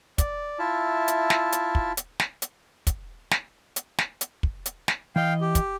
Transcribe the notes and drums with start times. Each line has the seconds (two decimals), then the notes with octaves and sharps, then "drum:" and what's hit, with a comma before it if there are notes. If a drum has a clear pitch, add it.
0.18 D5, drum: kick, hi-hat
0.59 E4 F4 E5 A5
1.08 drum: hi-hat
1.30 drum: snare
1.52 drum: hi-hat
1.75 drum: kick
1.97 drum: hi-hat
2.20 drum: snare
2.42 drum: hi-hat
2.87 drum: kick, hi-hat
3.31 drum: snare
3.76 drum: hi-hat
3.98 drum: snare
4.21 drum: hi-hat
4.43 drum: kick
4.66 drum: hi-hat
4.88 drum: snare
5.16 E3 D#5 F5 G5
5.41 G4
5.55 drum: kick, hi-hat